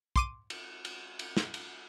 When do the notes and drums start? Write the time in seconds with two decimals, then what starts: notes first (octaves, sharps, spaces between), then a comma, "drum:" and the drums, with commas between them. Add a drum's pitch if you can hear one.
0.16 C6 D6 D#7, drum: kick
0.50 drum: cymbal
0.85 drum: cymbal
1.19 drum: cymbal
1.37 drum: snare
1.54 drum: cymbal